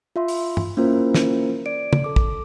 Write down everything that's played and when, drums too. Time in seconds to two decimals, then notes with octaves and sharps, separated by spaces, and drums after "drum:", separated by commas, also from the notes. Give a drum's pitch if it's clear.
0.16 F4 E5 C6
0.28 drum: open hi-hat
0.57 drum: tom
0.77 A#3 C#4 E4 F4 A#4 C5
1.14 drum: snare
1.66 D5 D7
1.93 drum: tom
2.04 A4 D6
2.16 drum: kick